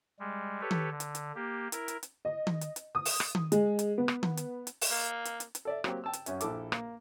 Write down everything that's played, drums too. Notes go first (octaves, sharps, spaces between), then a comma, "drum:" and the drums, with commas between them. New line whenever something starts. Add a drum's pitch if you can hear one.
G3 G#3
G4 A4 B4 C#5
drum: tom D#3
D3
drum: hi-hat
drum: hi-hat
A#3 G4
E4 A#4, drum: hi-hat
drum: hi-hat
drum: hi-hat
D#5
drum: tom D#3
drum: hi-hat
drum: hi-hat
D#6
drum: open hi-hat
drum: rim click
drum: tom D#3
G#3, drum: hi-hat
drum: hi-hat
B3
drum: rim click
drum: tom D#3
drum: hi-hat
drum: hi-hat
drum: open hi-hat
A#3
drum: hi-hat
drum: hi-hat
drum: hi-hat
A4 D5 E5
F#3 A#3 C4 G4, drum: rim click
G5 A5 E6
drum: hi-hat
F#2 C#4 E5, drum: hi-hat
A#1 E4 A4 D6, drum: hi-hat
A#3, drum: rim click